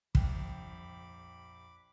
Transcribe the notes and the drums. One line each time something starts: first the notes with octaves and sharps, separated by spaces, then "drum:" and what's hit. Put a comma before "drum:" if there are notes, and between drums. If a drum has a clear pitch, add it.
A#1 F2 F3 G3 G5 B5 D6, drum: kick